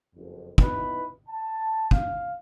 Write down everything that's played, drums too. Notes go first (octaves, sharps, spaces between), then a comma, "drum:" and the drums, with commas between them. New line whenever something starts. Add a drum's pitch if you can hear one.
F#1 F2
B3 D#4 E4 B4, drum: kick
A5
F5, drum: kick